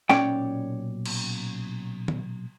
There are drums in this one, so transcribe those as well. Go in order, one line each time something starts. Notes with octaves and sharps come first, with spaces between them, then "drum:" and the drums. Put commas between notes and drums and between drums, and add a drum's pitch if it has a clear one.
B1 A#2 C#4 C#5 D5 G5, drum: snare
drum: cymbal
drum: tom D#3